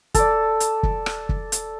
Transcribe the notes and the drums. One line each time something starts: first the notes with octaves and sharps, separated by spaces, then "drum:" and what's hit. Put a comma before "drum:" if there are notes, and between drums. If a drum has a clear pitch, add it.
A4 D5, drum: kick, hi-hat
drum: hi-hat
drum: kick
drum: rim click
drum: kick
drum: hi-hat